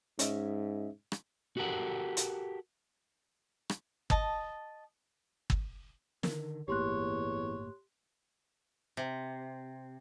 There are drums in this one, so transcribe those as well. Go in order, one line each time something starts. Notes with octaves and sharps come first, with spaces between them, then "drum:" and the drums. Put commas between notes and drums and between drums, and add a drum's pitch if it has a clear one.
G#2 C#4 D#5 E5, drum: hi-hat
drum: rim click
F#4 G4 A4 A#4 F#5
drum: hi-hat
drum: rim click
D#5 A5, drum: kick G1
drum: kick G1
D3 D#3 A#4, drum: snare
G1 E2 A2 A#3 G4 C#5 C6 F#6
C3